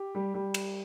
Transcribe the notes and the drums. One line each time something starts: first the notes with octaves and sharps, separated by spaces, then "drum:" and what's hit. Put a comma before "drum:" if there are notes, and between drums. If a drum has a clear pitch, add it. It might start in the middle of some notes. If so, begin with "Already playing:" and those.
Already playing: G4
G3
G3
drum: cymbal